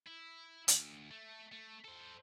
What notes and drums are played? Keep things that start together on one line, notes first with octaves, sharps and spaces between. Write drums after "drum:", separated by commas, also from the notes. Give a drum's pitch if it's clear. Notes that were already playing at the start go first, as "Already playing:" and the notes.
E4
D2, drum: hi-hat
A3
A3
A4 C5